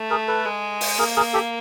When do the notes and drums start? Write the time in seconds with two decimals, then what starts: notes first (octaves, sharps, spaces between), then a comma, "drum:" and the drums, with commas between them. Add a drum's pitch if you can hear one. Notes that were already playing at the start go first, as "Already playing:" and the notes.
Already playing: A3
0.10 G#4 A#4
0.28 A4 B4
0.46 G#3
0.81 drum: open hi-hat
0.98 A#3 G#4 A#4
1.16 G#4 A#4
1.34 G4 A4